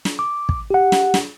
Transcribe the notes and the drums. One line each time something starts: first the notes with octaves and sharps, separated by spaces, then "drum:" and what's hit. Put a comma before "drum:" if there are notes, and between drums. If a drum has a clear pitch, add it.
drum: snare
D6
drum: kick
G4 F#5
drum: snare
drum: snare